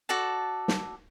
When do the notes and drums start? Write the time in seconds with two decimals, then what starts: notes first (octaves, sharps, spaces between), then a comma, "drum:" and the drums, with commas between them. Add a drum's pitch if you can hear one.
0.09 F#4 A4 D5 A5
0.68 drum: snare